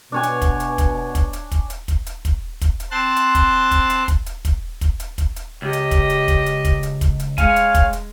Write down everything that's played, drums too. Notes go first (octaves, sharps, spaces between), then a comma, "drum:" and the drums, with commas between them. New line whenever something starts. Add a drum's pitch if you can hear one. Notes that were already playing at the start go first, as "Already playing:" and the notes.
B2 D4 C#5 G#5
drum: hi-hat
drum: kick, hi-hat
drum: hi-hat
drum: kick, hi-hat
drum: kick, hi-hat
drum: hi-hat
drum: kick, hi-hat
drum: hi-hat
drum: kick, hi-hat
drum: hi-hat
drum: kick, hi-hat
drum: kick, hi-hat
drum: hi-hat
C4 C5 A5 C6 F#6 A6
drum: hi-hat
drum: kick, hi-hat
drum: kick, hi-hat
drum: hi-hat
drum: kick, hi-hat
drum: hi-hat
drum: kick, hi-hat
drum: kick, hi-hat
drum: hi-hat
drum: kick, hi-hat
drum: hi-hat
C#2 G4 D#5
drum: hi-hat
drum: kick, hi-hat
drum: hi-hat
drum: kick, hi-hat
drum: hi-hat
drum: kick, hi-hat
drum: hi-hat
drum: kick, hi-hat
drum: hi-hat
G#3 C#5 F5 G#5, drum: kick, hi-hat
drum: hi-hat
drum: kick, hi-hat
drum: hi-hat